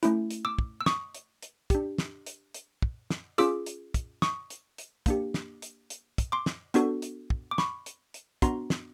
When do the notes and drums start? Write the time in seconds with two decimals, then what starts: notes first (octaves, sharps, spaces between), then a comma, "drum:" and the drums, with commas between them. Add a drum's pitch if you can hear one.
0.03 A3 C#4 E4, drum: hi-hat
0.31 drum: hi-hat
0.45 D6 E6
0.59 drum: kick
0.81 E6
0.86 C#6 D#6, drum: snare
1.14 drum: hi-hat
1.42 drum: hi-hat
1.70 D4 G4, drum: kick, hi-hat
1.98 drum: snare
2.26 drum: hi-hat
2.54 drum: hi-hat
2.82 drum: kick
3.10 drum: snare
3.38 C#4 F4 G#4 D6 E6, drum: hi-hat
3.66 drum: hi-hat
3.94 drum: kick, hi-hat
4.22 C#6 D#6, drum: snare
4.50 drum: hi-hat
4.78 drum: hi-hat
5.06 A#3 D4 G4, drum: kick, hi-hat
5.34 drum: snare
5.62 drum: hi-hat
5.90 drum: hi-hat
6.18 drum: kick, hi-hat
6.32 C6 D6
6.46 drum: snare
6.74 B3 D4 F#4 A4, drum: hi-hat
7.02 drum: hi-hat
7.30 drum: kick
7.51 D6
7.58 B5 C#6, drum: snare
7.86 drum: hi-hat
8.14 drum: hi-hat
8.42 B3 D4 F#4 A#5 C6, drum: kick, hi-hat
8.70 drum: snare